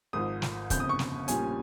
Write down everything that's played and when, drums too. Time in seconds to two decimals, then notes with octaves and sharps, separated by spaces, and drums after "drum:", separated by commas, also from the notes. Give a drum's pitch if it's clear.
0.13 G#1 G#2 F3 D#6
0.42 drum: snare
0.70 G1 F2 C#3 G6, drum: kick, hi-hat
0.80 D#6
0.89 C#6
0.99 drum: snare
1.28 A#1 A#2 G3 C#4 G#5, drum: hi-hat